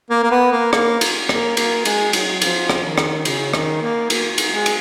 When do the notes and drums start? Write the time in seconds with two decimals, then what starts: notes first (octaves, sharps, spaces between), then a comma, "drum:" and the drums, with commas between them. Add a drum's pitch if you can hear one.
0.10 A#3
0.23 A#3
0.31 B3
0.52 A#3
0.73 A#3, drum: rim click
1.01 drum: cymbal
1.29 A#3, drum: rim click
1.57 A#3, drum: cymbal
1.85 G#3, drum: cymbal
2.13 F#3, drum: cymbal
2.42 F3, drum: cymbal
2.69 drum: rim click
2.84 D#3
2.98 drum: rim click
3.25 C#3, drum: cymbal
3.54 D#3, drum: rim click
3.82 A#3
4.10 A#3, drum: cymbal
4.38 drum: cymbal
4.52 G#3
4.66 drum: cymbal